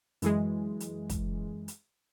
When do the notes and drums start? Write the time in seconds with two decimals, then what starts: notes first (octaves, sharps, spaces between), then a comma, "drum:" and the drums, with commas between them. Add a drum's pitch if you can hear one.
0.22 F#2 E3 G#3, drum: hi-hat
0.80 drum: hi-hat
1.10 drum: kick, hi-hat
1.68 drum: hi-hat